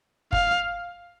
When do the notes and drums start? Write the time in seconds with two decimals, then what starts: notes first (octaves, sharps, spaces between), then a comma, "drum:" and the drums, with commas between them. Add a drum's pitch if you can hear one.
0.33 F5, drum: kick F#1